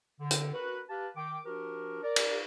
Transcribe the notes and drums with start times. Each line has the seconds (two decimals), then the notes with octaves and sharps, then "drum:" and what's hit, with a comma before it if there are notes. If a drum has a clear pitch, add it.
0.20 D3
0.31 drum: hi-hat
0.53 F#4 A#4 B4
0.89 G4 B4 F5 A5
1.15 D#3 G5 D6
1.45 F3 D4 F#4 G4 A#4
2.02 A#4 D5
2.16 drum: cymbal